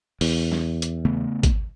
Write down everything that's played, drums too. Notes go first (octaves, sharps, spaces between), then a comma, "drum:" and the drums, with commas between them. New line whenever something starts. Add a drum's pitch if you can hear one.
E2, drum: open hi-hat
drum: snare
drum: hi-hat
C#3 A3 B3
drum: kick, hi-hat